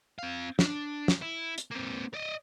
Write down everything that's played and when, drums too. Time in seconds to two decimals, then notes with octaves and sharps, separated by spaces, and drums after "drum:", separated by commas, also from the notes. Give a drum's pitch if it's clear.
0.19 C4 F5
0.59 D4, drum: snare
1.08 drum: snare
1.22 E4
1.58 drum: hi-hat
1.71 A#3 C4
2.14 D5 D#5